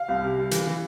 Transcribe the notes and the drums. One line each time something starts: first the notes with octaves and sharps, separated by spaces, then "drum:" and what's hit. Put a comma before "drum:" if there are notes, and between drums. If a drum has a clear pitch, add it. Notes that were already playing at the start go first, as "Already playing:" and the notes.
Already playing: F5
C2
C3
G3
E3, drum: hi-hat
E3